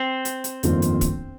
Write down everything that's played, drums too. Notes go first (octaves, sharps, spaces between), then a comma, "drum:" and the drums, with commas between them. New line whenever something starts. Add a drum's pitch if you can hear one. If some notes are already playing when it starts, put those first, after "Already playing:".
Already playing: C4
drum: hi-hat
drum: hi-hat
G1 F2 D#3 A#3 F4, drum: hi-hat
drum: hi-hat
drum: kick, hi-hat